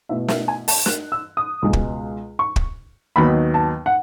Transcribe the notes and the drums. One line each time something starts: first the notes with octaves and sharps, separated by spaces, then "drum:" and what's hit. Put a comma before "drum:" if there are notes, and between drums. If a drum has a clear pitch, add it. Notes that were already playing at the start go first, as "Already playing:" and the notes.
B2 A3 E4 E5
E5, drum: snare
G#5
A5, drum: open hi-hat
F#6, drum: snare
E6
D#6
C#2 B2 G#3
drum: kick
C#6
drum: kick
D#2 D#3 F#3 B3 D#4 B5
A5
F#5